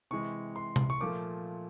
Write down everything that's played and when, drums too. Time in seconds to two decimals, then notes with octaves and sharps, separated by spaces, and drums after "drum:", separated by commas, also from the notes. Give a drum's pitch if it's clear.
0.11 C3 E3 G#3 C#6
0.56 C6
0.76 drum: tom C3
0.90 C#6
1.01 A#2 F3 A3 D6